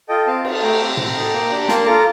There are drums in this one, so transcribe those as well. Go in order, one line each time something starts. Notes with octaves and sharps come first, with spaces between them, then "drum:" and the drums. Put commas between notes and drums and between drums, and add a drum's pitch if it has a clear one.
F4 A4 D#5 G5
C4 F5 A5
D#4 A4, drum: cymbal
A3 G5 A#5
C4 G4
C4, drum: tom
D#4 A4
A#3
D4 G4
A#3 A5 C6, drum: snare
F4 A4 A#5 D6